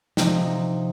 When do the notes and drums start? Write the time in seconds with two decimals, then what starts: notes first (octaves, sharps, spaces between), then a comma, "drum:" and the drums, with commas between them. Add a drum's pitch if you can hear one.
0.17 C3 F3 D#4, drum: snare